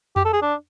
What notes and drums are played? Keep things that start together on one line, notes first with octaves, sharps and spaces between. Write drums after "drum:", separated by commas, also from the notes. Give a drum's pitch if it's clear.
G4, drum: tom F2
A4
G#4
D4